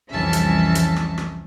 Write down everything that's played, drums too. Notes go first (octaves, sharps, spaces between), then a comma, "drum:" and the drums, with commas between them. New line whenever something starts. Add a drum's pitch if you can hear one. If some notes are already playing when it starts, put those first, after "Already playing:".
C2 F2 E3 C#4 E5 A5
drum: hi-hat
drum: hi-hat
drum: rim click
drum: rim click